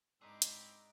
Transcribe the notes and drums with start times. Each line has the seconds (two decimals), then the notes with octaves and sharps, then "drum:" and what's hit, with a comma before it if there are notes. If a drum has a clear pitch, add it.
0.21 G#2 C4 D4 D#4 G#4 B4 A#5 D6
0.42 drum: hi-hat